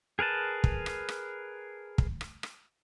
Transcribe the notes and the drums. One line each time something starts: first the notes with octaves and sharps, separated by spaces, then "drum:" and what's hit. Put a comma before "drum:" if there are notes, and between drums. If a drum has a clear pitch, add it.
G#4 A#4 B4 A5
drum: kick
drum: rim click
drum: rim click
drum: kick
drum: rim click
drum: rim click